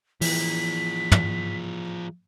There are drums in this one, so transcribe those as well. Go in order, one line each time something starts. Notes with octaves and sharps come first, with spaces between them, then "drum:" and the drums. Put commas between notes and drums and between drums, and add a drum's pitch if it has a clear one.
E3 F3 G#4 B6, drum: open hi-hat
drum: tom